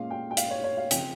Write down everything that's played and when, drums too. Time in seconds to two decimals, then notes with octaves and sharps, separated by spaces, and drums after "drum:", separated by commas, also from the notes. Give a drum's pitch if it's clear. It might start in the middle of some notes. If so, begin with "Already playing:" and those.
Already playing: A#2 G#3 C#4 F5
0.11 G5
0.31 G5
0.37 F5, drum: hi-hat
0.51 C#5
0.64 C#5
0.77 F5
0.91 C#3 F3 C4 G5, drum: hi-hat